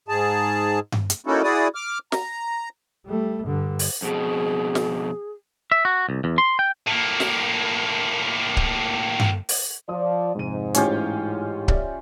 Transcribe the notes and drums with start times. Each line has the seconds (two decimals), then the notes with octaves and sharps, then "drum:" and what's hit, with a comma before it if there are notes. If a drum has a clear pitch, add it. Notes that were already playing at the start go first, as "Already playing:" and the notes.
0.08 G#2 G#4 A5
0.92 drum: tom G2
1.10 drum: hi-hat
1.26 A#3 C#4 D#4 E4 F#4 A4
1.43 E4 F#4 G#4 D5 D#6
1.75 D6 F6
2.12 A#5, drum: snare
3.06 G3 A3
3.44 G2 D3
3.79 drum: open hi-hat
4.02 F2 B2 G#4
4.75 drum: snare
5.72 E5
5.85 F#4
6.09 C2
6.24 E2
6.38 C6
6.59 G5
6.87 A2 A#3
7.20 drum: snare
8.57 drum: kick C#1
9.20 drum: tom G2
9.49 drum: open hi-hat
9.89 F3 D5 D#6
10.35 F2 G#2 C3 D#7
10.74 A2 E3 C#4 F4 G4, drum: hi-hat
11.68 G4 D5 E5, drum: kick C#1